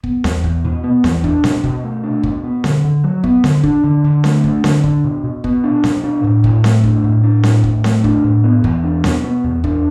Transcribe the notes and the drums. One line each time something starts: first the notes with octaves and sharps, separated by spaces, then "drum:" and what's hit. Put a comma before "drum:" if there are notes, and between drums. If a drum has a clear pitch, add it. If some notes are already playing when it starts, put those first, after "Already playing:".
B3, drum: kick
E2, drum: snare C4
E2, drum: kick
B2
B3
E2, drum: snare C4
D4, drum: kick
B2, drum: snare C4
B2, drum: kick
A3
D4
B2, drum: kick
B3
D3, drum: snare C4
D3
F#3
B3, drum: kick
D3, drum: snare C4
D4, drum: kick
D3
D3
A3, drum: snare C4
D4, drum: kick
D3, drum: snare C4
D4, drum: kick
B2
B2
B3, drum: kick
D4
B2, drum: snare C4
D4
A2
A2, drum: kick
A3, drum: snare C4
D4, drum: kick
A2
D4
A2, drum: snare C4
A2, drum: kick
A3, drum: snare C4
D4, drum: kick
A2
B3
E2, drum: kick
D4
B2, drum: snare C4
B3
E2
D4, drum: kick